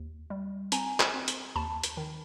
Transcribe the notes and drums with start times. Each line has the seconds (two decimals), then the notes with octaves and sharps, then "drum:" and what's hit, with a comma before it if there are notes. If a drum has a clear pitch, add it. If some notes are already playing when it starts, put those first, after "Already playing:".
Already playing: D#2
0.30 G3
0.72 C4 G#5 A#5, drum: hi-hat
1.00 drum: clap
1.14 C4
1.28 drum: hi-hat
1.56 D#2 A5 B5
1.84 drum: hi-hat
1.97 D#3